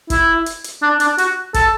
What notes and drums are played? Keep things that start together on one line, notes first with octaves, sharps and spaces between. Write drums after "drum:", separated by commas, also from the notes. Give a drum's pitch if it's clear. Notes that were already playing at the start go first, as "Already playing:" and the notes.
E4, drum: kick, hi-hat
drum: hi-hat
drum: hi-hat
D4
D4, drum: hi-hat
F#4, drum: hi-hat
A4, drum: kick, hi-hat